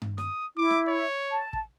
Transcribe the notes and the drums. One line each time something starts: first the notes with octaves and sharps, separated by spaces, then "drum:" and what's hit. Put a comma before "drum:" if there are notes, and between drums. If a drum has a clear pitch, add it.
drum: tom G2
D#6, drum: snare
E4 D6
drum: snare
C#5
A5
drum: kick